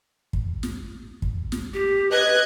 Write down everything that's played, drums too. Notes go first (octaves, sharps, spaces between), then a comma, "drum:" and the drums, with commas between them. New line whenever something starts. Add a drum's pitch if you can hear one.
drum: kick
drum: snare
drum: kick
drum: snare
G4
B4 D#5 F#6 G#6